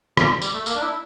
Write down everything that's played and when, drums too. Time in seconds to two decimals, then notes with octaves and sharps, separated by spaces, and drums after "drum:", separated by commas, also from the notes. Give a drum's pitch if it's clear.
0.17 G3, drum: rim click
0.42 G3, drum: tambourine
0.54 A3
0.66 A#3, drum: tambourine
0.75 D4
0.82 E4